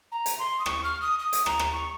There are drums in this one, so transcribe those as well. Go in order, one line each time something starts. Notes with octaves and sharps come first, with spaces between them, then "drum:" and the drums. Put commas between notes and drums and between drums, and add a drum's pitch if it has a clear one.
A#5
drum: hi-hat
C6
D#6
C#6, drum: rim click
F6
D#6
D#6
drum: hi-hat
A#5, drum: rim click
drum: rim click
C#6